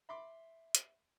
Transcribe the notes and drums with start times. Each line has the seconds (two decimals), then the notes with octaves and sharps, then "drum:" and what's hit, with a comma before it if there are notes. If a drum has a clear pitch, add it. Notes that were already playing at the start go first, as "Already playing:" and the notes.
0.09 E5 B5 C6 D6
0.75 drum: hi-hat